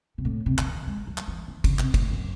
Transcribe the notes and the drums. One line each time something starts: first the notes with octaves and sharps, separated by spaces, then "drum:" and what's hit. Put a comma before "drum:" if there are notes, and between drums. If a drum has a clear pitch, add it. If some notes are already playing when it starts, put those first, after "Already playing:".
C3
A2
C3
C#3, drum: clap
D#3
G#3
F#3
drum: clap
E3
D#3
C#3, drum: kick, cymbal
C3, drum: clap
A2, drum: kick, cymbal
F#2